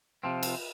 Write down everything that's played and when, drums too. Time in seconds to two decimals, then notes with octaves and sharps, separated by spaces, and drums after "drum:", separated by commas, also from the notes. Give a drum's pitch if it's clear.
0.23 C3 F3 C4
0.43 drum: cymbal